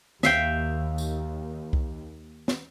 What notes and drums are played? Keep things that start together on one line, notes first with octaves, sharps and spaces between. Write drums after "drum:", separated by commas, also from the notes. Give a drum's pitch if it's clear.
D#2 E5 F5 G5, drum: snare
drum: tambourine
drum: kick C2
drum: snare